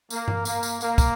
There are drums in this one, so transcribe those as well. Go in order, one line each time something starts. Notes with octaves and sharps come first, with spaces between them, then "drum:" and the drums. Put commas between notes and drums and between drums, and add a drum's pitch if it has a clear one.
A#3, drum: tambourine
drum: tom G2
A#3, drum: tambourine
drum: tambourine
A#3, drum: tambourine
drum: kick, tambourine